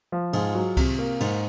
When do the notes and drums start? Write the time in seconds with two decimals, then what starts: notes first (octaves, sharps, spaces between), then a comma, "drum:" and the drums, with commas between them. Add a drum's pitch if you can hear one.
0.12 F3
0.33 G#2 F4 G#4, drum: cymbal
0.55 F#3
0.77 C3, drum: kick C2, cymbal
0.99 A#3
1.20 G#2, drum: cymbal